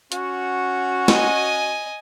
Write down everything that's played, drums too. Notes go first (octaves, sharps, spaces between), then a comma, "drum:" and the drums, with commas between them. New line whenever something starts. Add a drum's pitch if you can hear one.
C#4 F#4, drum: hi-hat
D#5 G#5, drum: snare